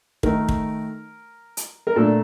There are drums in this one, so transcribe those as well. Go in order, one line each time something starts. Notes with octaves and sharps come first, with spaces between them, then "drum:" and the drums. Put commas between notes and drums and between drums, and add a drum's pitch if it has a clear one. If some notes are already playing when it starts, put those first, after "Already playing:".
D#3 A3 D#4 A#4, drum: kick
drum: kick
drum: hi-hat
A#4
A#2 A3 D4 A4